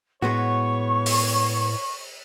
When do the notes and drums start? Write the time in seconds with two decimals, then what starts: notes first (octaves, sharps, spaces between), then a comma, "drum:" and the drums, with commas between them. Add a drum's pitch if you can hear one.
0.22 A2 G#3 B3 F#4 C#5 C#6
1.06 drum: open hi-hat